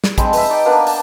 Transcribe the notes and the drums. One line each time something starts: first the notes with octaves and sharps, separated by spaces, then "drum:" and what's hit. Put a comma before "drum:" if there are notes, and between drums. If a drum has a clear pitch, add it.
drum: snare
G#3 C4 A5 B5, drum: kick, hi-hat
B4 E5, drum: open hi-hat
D#4 D5 G5
A#3 B3 D4 B4
A5, drum: open hi-hat